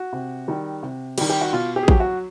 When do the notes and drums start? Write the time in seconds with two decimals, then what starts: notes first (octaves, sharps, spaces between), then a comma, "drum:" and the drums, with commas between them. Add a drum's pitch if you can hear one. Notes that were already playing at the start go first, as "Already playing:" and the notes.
Already playing: F#4
0.13 C3
0.48 D#3 G3
0.83 C3
1.18 D#3 G3, drum: cymbal
1.29 G4
1.41 F#4
1.53 B2 F4
1.76 G4
1.83 G#4
1.88 F#3 G4, drum: kick A1
2.00 F#4